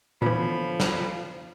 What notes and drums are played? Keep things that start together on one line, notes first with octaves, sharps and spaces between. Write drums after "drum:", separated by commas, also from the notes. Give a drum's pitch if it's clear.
A#2 D3 E3 F3 B3 C#4 B5
drum: snare